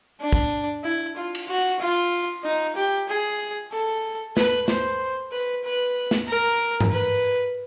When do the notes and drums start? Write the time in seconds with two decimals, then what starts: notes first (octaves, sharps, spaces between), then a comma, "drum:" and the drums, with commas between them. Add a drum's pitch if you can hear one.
0.21 D4
0.32 drum: kick
0.84 E4
1.16 F4
1.35 drum: cymbal
1.48 F#4
1.80 F4
2.44 D#4
2.76 G4
3.08 G#4
3.72 A4
4.37 B4, drum: snare
4.68 C5, drum: snare
5.32 B4
5.65 B4
6.11 drum: snare
6.28 A#4
6.81 drum: tom G2
6.91 B4